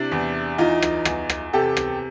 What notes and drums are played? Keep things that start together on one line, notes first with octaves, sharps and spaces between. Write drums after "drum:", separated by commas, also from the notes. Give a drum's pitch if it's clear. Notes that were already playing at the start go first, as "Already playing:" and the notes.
Already playing: C3 D4 E4
E2
E3 D#4 F4
drum: rim click
E2, drum: rim click
drum: rim click
C3 G4 A4
drum: rim click